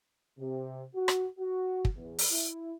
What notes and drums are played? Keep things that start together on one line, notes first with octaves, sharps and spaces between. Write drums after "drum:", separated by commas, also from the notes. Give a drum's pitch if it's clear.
C3
F#4
drum: rim click
F#4
drum: kick
E2
drum: open hi-hat
E4